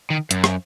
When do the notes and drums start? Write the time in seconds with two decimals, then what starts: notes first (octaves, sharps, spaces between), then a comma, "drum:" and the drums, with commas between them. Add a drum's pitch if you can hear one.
0.10 D#3
0.31 F#2, drum: hi-hat
0.44 drum: rim click